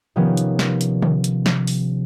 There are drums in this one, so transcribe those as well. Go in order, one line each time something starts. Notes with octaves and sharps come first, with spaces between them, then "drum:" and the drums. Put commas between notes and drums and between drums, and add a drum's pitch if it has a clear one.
C3 D#3 F3 B3 C#4
drum: hi-hat
drum: snare
drum: hi-hat
drum: tom D3
drum: hi-hat
drum: snare
drum: open hi-hat